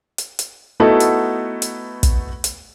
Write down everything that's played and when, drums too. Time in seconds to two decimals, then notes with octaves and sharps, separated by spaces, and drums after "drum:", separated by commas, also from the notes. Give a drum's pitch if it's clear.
0.18 drum: hi-hat
0.39 drum: hi-hat
0.80 A3 B3 D#4 E4 F#4 A4
1.00 drum: hi-hat
1.62 drum: hi-hat
2.03 drum: kick, hi-hat
2.44 drum: hi-hat